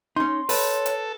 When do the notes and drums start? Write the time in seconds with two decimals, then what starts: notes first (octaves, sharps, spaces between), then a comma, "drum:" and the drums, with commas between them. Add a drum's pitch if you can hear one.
0.16 C#4 D#4 C6
0.49 A4 B4 C#5, drum: open hi-hat
0.86 drum: hi-hat